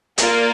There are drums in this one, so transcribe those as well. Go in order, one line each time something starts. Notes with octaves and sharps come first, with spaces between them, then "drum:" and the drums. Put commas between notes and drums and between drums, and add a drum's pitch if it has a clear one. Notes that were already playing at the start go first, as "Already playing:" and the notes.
A#3 F4 A#4 D5, drum: hi-hat